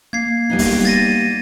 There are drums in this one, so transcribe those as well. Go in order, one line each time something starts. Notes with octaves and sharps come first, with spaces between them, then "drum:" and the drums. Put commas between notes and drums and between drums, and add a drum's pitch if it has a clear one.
A#3 G#6 C7
G3 B3 D#4
drum: kick C#1, open hi-hat
A6 A#6 D#7